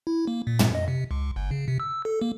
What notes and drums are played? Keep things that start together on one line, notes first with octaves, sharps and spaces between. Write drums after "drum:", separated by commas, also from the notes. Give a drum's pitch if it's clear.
E4
A#3
A#2
drum: tom
D#5
C3
C#2
G1
C#3
C3
E6
A4
A#3